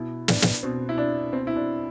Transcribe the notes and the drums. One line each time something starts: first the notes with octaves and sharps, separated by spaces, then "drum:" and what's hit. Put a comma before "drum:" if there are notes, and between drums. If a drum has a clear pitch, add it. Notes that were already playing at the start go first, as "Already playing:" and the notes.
Already playing: B2 E4
D4, drum: snare
drum: snare
B2 C4
E4
D4
B2 C4
E4
D4